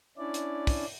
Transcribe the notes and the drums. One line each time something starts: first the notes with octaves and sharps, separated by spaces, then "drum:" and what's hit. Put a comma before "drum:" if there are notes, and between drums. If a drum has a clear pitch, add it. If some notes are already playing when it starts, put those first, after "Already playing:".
C#4 D4 E4 D5
drum: hi-hat
drum: kick, open hi-hat